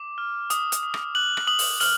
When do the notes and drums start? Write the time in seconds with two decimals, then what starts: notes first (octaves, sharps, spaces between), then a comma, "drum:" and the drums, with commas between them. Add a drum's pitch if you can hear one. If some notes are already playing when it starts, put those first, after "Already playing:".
Already playing: D6
0.18 F6
0.50 D#6, drum: hi-hat
0.72 drum: hi-hat
0.83 D#6
0.94 drum: rim click
1.15 F#6 F#7
1.37 drum: rim click
1.47 D#6 F#7
1.59 drum: open hi-hat
1.80 F6 F#7, drum: open hi-hat